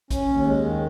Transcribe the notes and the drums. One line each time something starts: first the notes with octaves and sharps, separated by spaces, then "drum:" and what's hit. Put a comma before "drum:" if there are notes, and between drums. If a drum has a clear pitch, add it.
C#4, drum: kick, hi-hat
D#2
G#3
D#3